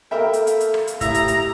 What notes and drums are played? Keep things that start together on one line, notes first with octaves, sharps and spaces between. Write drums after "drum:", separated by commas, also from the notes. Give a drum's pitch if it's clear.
A#3 A4 A#4 E5 G5 B5
drum: hi-hat
drum: hi-hat
drum: hi-hat
drum: rim click
drum: hi-hat
A2 G4 E5 A#5 D#6, drum: kick, hi-hat
drum: hi-hat
drum: hi-hat